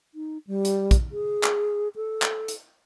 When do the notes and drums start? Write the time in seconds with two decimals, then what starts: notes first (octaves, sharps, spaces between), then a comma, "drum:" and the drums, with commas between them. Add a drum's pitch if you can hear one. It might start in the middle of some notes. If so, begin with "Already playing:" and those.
0.15 D#4
0.47 G3
0.65 drum: hi-hat
0.91 drum: kick, hi-hat
1.12 G#4
1.43 drum: clap
1.96 A4
2.22 drum: clap
2.48 drum: hi-hat